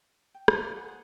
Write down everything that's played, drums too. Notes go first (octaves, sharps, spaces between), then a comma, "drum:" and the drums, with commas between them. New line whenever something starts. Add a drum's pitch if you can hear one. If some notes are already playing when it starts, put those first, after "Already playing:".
G5
D#6, drum: rim click
A#3 D5 B5 F6
G#4 F#5
C5